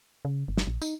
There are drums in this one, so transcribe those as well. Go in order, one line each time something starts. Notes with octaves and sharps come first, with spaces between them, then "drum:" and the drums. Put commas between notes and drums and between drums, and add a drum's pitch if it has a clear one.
C#3
G1
drum: snare
A#1
D#4, drum: tambourine